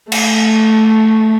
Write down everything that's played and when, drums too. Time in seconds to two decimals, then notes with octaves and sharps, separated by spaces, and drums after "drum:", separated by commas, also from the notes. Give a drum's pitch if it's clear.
0.12 A3, drum: cymbal